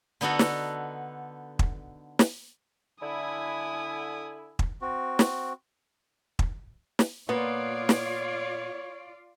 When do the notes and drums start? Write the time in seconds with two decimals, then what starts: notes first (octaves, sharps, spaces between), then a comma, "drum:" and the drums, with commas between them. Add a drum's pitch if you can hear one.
0.21 D3 B3 D#4 F#4 A4
0.39 drum: snare
1.59 drum: kick
2.19 drum: snare
3.02 D3 E4 G#5 D#6
4.59 drum: kick
4.81 C4 F#4
5.19 drum: snare
6.39 drum: kick
6.99 drum: snare
7.29 A#2 B3 F4 C#5 D5
7.89 drum: snare